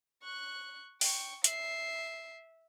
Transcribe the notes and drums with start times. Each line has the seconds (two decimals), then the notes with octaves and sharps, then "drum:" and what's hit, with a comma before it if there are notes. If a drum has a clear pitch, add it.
0.23 C#6 F#6
1.01 G5 C#6, drum: open hi-hat
1.44 E5 C7, drum: hi-hat